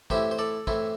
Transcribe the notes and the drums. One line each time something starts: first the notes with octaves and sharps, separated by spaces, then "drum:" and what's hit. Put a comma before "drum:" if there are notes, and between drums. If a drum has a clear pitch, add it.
A2 E3 C4 E4 G4 C5, drum: kick
C5
A4 D5
A2 E3 C4 E4, drum: kick